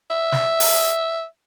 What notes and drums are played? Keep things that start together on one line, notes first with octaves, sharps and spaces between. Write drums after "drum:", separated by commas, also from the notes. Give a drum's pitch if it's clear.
E5
drum: snare
drum: open hi-hat